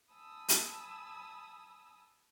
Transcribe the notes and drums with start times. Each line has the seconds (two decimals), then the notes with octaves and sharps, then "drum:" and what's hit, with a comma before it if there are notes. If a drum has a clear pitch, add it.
0.13 G#5 A5 B5 D#6 E6
0.49 drum: hi-hat